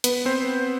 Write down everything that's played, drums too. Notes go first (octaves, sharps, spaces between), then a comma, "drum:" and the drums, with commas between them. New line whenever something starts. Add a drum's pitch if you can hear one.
B3 B4, drum: hi-hat
C4 C5